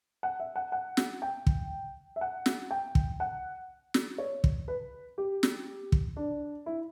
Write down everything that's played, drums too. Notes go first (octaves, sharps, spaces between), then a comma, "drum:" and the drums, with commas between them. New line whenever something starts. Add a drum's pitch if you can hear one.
F#5
E5
F#5
F#5
drum: snare
G5
drum: kick
E5
F#5
drum: snare
G5
drum: kick
F#5
drum: snare
C#5
drum: kick
B4
G4
drum: snare
drum: kick
D4
E4